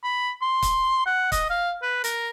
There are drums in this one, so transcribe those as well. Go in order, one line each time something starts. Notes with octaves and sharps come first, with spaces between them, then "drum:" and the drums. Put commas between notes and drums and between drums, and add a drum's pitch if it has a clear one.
B5
C6
drum: kick, hi-hat
F#5
D#5, drum: kick, hi-hat
F5
B4
A#4, drum: hi-hat